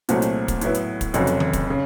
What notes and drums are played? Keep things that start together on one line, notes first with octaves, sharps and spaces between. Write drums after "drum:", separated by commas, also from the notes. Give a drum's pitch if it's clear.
C2 A#2 F#3 A3 C4, drum: hi-hat
drum: hi-hat
drum: kick, hi-hat
A2 F#3 B3 E4, drum: hi-hat
drum: hi-hat
drum: kick, hi-hat
F1 F2 C#3 F#3, drum: hi-hat
drum: hi-hat
drum: tom D#3
drum: kick, hi-hat
C#3